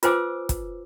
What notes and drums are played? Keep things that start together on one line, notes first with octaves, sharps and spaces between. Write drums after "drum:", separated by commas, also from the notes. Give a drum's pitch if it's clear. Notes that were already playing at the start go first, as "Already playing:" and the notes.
F4 B4 C5 G#5 D6 E6, drum: hi-hat
drum: kick, hi-hat